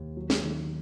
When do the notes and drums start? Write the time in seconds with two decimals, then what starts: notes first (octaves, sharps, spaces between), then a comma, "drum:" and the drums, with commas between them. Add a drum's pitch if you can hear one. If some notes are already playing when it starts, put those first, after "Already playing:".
Already playing: D#2
0.17 F#3
0.30 drum: snare
0.45 D#3